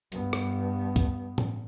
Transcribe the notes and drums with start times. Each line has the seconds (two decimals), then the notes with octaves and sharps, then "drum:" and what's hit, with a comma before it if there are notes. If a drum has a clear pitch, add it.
0.12 G2 B3, drum: hi-hat
0.33 drum: rim click
0.96 drum: kick D2, hi-hat
1.38 drum: tom A2